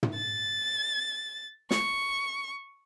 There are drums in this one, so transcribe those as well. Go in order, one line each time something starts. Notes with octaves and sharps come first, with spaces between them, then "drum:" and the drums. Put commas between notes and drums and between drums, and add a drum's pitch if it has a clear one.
drum: tom
A6
C#6, drum: snare